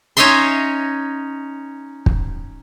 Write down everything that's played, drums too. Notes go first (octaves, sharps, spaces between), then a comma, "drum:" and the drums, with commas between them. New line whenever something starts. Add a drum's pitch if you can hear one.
C#4 D#4 C#5 D#5 E5 C6
drum: kick